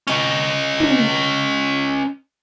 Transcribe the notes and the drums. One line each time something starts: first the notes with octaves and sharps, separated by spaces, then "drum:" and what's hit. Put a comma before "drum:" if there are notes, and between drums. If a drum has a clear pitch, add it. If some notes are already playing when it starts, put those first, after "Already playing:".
C#4 D#5, drum: hi-hat
drum: tom